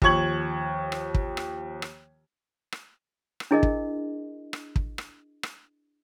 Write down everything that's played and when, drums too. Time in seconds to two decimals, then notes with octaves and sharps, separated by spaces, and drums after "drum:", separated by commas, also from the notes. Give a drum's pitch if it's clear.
0.02 D#2 F3 C#6 G#6 F#7, drum: kick
0.92 drum: rim click
1.14 drum: kick
1.37 drum: rim click
1.82 drum: rim click
2.72 drum: rim click
3.40 drum: rim click
3.51 D4 E4 G#4 A#4 D#5
3.63 drum: kick
4.53 drum: rim click
4.76 drum: kick
4.98 drum: rim click
5.43 drum: rim click